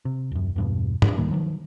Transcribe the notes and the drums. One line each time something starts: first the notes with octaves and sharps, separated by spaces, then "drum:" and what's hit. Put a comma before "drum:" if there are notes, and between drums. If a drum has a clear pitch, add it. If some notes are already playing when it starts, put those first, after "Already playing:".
C3
D#1 F#2
E2 G2 B2
D4, drum: tom
C#2 D#3 G3 A#3
D#3 F3 F#3